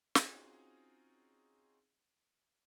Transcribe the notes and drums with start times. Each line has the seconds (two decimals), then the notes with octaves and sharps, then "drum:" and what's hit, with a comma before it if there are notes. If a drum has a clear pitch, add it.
0.15 C4 C#4 D#4 F4 F#4 G#4, drum: snare